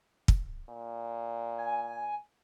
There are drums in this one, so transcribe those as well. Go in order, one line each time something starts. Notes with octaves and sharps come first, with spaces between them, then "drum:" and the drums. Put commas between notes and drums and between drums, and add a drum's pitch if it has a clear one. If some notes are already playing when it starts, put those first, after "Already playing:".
drum: kick
A#2
G#5